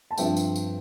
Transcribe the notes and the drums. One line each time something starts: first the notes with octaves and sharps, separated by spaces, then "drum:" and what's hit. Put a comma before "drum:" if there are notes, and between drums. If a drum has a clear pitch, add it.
A5
G2 F3 C4 E5 G5, drum: tambourine
drum: tambourine
drum: tambourine